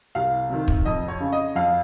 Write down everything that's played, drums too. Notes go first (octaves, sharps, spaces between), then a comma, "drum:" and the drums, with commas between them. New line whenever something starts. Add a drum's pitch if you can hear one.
C2 F5
C3 D#3
drum: kick
F2 D#5
C#5
C#3
D#5
F2 F5